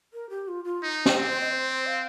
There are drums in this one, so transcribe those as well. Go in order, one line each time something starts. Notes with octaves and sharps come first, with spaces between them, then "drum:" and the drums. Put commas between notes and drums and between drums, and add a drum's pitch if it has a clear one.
A#4
G4
F4
F4
D#4
G4, drum: snare
C4
C5
D#5
C5
F5